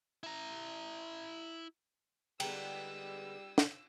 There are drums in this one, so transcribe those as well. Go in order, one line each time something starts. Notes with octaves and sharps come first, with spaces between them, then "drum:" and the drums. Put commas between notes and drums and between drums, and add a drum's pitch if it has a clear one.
E4 A#5
D3 G3 G#3 B3 G5 A#5 E6, drum: cymbal
drum: snare